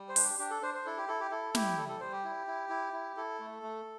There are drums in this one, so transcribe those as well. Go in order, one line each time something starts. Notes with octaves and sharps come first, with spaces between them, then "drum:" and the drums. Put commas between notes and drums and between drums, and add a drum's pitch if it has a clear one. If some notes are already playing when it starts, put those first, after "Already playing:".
Already playing: G3
C5
D4, drum: open hi-hat
G4
D4 G4
A4
D4 C5
C5
E4 A4
G4
E4 A4
G4
E4 A4
E4 G4, drum: snare
G3 A4
A4
G3 C5
G4
E4
E4
E4
E4
E4 A4
A3
A3